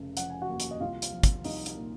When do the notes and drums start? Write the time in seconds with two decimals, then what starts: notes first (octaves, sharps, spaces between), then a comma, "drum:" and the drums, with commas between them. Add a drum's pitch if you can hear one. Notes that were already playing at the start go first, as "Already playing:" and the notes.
Already playing: F1 C#3
0.17 F3 F#5, drum: hi-hat
0.30 G#5
0.42 F#4 F#5
0.49 D#2
0.60 drum: hi-hat
0.71 D#5
0.80 C2 F4 F5
1.02 drum: hi-hat
1.12 F3
1.23 drum: kick, hi-hat
1.44 C2 D#4 D#5, drum: open hi-hat
1.66 drum: hi-hat
1.77 A#2